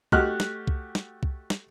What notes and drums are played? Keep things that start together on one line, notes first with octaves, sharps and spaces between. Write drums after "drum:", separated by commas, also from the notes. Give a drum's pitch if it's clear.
A3 F#4 G4 D#5 F6 F#6, drum: kick C2
drum: snare
drum: kick C2
drum: snare
drum: kick C2
drum: snare